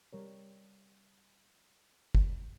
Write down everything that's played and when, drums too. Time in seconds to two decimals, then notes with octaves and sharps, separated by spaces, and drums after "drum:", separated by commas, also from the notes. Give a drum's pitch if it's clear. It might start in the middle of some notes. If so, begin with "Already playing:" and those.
0.13 G3 A#4 C#5
2.15 drum: kick